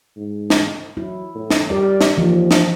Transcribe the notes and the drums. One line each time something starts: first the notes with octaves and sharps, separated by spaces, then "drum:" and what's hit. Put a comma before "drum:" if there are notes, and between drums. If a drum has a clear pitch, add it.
G#2
drum: snare
F#3 E4
A2
drum: snare
G3 G4 A#4 D5
drum: snare
D#2 E3 F3
drum: snare